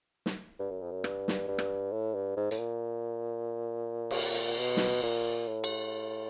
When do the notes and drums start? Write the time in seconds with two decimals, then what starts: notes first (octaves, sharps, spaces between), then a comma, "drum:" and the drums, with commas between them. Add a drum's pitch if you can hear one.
0.26 drum: snare
0.59 G2
0.70 F#2
0.81 F2
0.91 F#2
1.04 G2, drum: rim click
1.28 drum: snare
1.48 G2
1.58 drum: rim click
1.92 A2
2.15 G2
2.37 G#2
2.51 A2, drum: hi-hat
2.59 A#2
4.11 drum: cymbal
4.34 drum: hi-hat
4.59 B2
4.77 drum: snare
5.03 A#2
5.47 A2
5.64 drum: cymbal